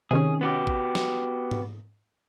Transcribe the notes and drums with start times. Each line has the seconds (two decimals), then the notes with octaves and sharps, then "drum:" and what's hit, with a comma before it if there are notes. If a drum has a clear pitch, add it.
0.11 C3 D#3 C#4 G#4
0.41 B3 F#4 G4
0.67 drum: kick A1
0.95 drum: snare
1.51 drum: tom G#2